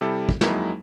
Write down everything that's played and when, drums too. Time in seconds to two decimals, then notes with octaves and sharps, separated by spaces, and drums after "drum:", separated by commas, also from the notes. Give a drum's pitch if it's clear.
0.01 C3 G3 E4 A4
0.29 drum: kick
0.41 F2 F#3 G#3 A#3 D#4 E4, drum: snare